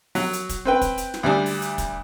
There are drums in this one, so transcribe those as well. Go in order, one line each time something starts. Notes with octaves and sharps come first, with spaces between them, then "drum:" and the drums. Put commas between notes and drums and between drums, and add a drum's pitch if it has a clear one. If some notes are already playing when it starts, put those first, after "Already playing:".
F#3, drum: open hi-hat
drum: hi-hat
drum: kick, hi-hat
C4 B4 G5
drum: kick, hi-hat
drum: hi-hat
drum: snare
D2 G3 D4
drum: open hi-hat
drum: hi-hat
drum: kick, hi-hat